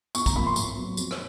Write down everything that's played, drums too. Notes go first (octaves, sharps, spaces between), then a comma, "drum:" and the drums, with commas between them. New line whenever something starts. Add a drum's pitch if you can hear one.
E2 C#6, drum: tambourine
A#5, drum: kick, tambourine
C3 F3 A#3 B5
C6
A2 C#6, drum: tambourine
F#3 B3
F2, drum: tambourine
drum: rim click